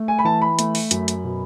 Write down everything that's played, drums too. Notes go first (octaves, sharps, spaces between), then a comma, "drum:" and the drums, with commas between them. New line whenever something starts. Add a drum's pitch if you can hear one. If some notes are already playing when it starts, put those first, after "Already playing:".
Already playing: A3
G#5
B5
E3 A5
B5
A3, drum: hi-hat
drum: open hi-hat
F#2, drum: hi-hat
drum: hi-hat
B2